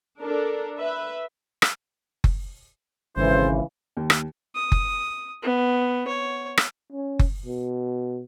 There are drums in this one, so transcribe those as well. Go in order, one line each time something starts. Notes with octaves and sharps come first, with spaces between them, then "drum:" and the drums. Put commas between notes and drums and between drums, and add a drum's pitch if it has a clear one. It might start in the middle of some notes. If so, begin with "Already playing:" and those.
D4 A4 A#4
B4 E5
drum: rim click
drum: kick F#1
G#1 C#3 E3 A4 C5
D#2
drum: rim click
D#6
drum: kick F#1
B3
C#5
drum: rim click
C#4
drum: kick F#1
B2